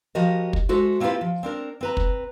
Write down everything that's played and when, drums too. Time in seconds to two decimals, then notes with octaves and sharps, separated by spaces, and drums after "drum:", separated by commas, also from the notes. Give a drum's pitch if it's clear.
0.15 F3 F#4 G4 A#4 D#5
0.53 drum: kick
0.69 G#3 F#4 A4 C5 E5
1.00 A#3 C4 E4 F4 G4 B4
1.21 F3
1.43 C4 D4 A#4
1.81 C4 B4 A#5
1.97 drum: kick